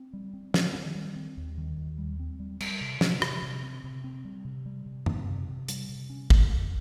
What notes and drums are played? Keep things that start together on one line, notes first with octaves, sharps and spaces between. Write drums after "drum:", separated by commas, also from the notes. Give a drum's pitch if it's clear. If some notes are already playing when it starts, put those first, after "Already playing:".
Already playing: C4
G3
C4
C4, drum: snare
D#3
G3
C4
D#2
D#3
D#2
G3
C4
G3
G3, drum: cymbal
C3
C3, drum: snare
C3, drum: rim click
C3
C4
C3
C4
G3
C3
G3
C3
C4, drum: tom F#2
C3
C3
G3, drum: hi-hat
C3
C#4
F2, drum: kick
F2